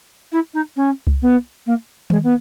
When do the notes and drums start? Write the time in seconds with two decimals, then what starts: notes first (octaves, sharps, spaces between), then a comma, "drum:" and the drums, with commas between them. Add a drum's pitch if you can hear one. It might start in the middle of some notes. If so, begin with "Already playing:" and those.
0.32 E4
0.53 D#4
0.76 C#4
1.07 drum: kick C2
1.22 B3
1.66 A#3
2.10 G#3, drum: tom D#3
2.23 B3